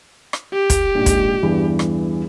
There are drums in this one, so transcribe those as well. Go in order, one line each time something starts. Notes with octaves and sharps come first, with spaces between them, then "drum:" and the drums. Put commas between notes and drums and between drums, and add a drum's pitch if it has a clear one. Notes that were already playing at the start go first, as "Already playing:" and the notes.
drum: rim click
G4
drum: kick, hi-hat
A#1 G#2
drum: kick, hi-hat
E2 G2 E3
drum: rim click